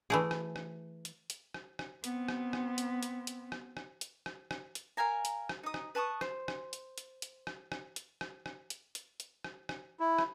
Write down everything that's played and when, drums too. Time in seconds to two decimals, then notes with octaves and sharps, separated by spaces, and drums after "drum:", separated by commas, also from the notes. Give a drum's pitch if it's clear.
0.10 E3 A3 G#4
0.31 drum: rim click
0.56 drum: rim click
1.05 drum: hi-hat
1.30 drum: hi-hat
1.54 drum: rim click
1.79 drum: rim click
2.04 B3 C4, drum: hi-hat
2.28 drum: rim click
2.53 drum: rim click
2.78 drum: hi-hat
3.03 drum: hi-hat
3.27 drum: hi-hat
3.52 drum: rim click
3.77 drum: rim click
4.01 drum: hi-hat
4.26 drum: rim click
4.51 drum: rim click
4.75 drum: hi-hat
4.97 A#4 F5 G#5 A#5
5.25 drum: hi-hat
5.49 drum: rim click
5.63 D#4 D#6
5.74 drum: rim click
5.95 B4 A5 C#6 D#6
6.21 C5, drum: rim click
6.48 drum: rim click
6.73 drum: hi-hat
6.98 drum: hi-hat
7.22 drum: hi-hat
7.47 drum: rim click
7.72 drum: rim click
7.96 drum: hi-hat
8.21 drum: rim click
8.46 drum: rim click
8.70 drum: hi-hat
8.95 drum: hi-hat
9.20 drum: hi-hat
9.44 drum: rim click
9.69 drum: rim click
10.00 E4
10.19 drum: rim click